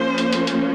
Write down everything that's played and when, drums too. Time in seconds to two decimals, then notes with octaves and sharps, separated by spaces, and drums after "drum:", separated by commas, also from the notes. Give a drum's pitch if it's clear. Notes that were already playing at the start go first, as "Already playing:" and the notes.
Already playing: F3 A#3 C#4 C5
0.18 drum: hi-hat
0.33 drum: hi-hat
0.47 drum: hi-hat